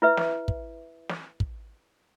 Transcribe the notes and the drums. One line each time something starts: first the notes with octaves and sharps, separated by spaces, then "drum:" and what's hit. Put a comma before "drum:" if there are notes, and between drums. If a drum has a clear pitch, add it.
E4 B4 E5
drum: snare
drum: kick
drum: snare
drum: kick